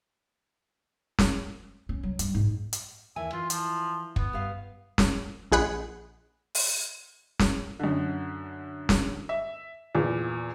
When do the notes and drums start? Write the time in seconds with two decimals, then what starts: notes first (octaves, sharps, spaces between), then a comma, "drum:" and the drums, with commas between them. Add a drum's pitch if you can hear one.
1.19 drum: snare
1.89 C#4
2.03 F#3
2.19 G2, drum: hi-hat
2.34 G#2
2.73 drum: hi-hat
3.16 D#2 E3 E5 G#5
3.33 E3 F4
3.50 F3, drum: hi-hat
4.16 B3, drum: kick
4.33 G2 F5
4.98 drum: snare
5.52 A#1 G#4 F#5 B5
6.55 drum: open hi-hat
7.39 drum: snare
7.80 F#2 D3
8.89 drum: snare
9.29 E5
9.95 E2 A#2